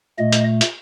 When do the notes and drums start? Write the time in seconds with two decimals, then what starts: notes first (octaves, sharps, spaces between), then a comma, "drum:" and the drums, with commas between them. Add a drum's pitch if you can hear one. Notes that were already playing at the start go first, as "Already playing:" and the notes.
0.18 A#2 A3 D#5
0.32 drum: hi-hat
0.61 drum: hi-hat